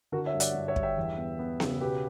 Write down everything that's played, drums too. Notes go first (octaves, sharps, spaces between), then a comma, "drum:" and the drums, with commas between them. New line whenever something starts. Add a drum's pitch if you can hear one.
D3 F#4 A#4
C#5 E5
G2
D5 F#5, drum: hi-hat
G2
C#5 E5
G2, drum: kick
E5 G5
E2
B3
B3
C#3, drum: snare B3
B2 G4 B4